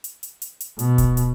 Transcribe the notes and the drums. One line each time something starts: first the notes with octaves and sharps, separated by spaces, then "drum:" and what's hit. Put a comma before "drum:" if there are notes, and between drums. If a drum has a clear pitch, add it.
drum: hi-hat
drum: hi-hat
drum: hi-hat
drum: hi-hat
B2, drum: hi-hat
drum: kick D1, hi-hat
drum: hi-hat